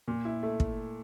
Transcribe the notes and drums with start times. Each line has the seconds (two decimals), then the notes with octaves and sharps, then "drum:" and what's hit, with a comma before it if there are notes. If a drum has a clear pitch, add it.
0.08 A#2
0.25 E4
0.43 A3
0.60 drum: kick